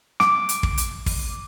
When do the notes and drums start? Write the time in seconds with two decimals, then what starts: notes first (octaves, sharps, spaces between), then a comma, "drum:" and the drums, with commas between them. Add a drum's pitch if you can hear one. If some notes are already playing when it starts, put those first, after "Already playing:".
0.20 D6, drum: snare
0.49 drum: hi-hat
0.63 drum: kick
0.78 drum: hi-hat
1.06 drum: kick, open hi-hat